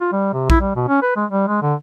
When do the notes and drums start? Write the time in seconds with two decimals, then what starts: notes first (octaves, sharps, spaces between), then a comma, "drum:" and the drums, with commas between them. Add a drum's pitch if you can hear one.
0.01 F4
0.12 G3
0.33 C3
0.50 E4, drum: kick A#1
0.61 G3
0.76 B2
0.88 C#4
1.02 B4
1.16 G#3
1.31 G3
1.48 G#3
1.62 D3